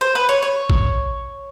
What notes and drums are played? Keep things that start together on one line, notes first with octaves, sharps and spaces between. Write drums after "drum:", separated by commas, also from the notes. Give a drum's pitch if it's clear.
C5
B4
C#5
C#5
drum: kick A#1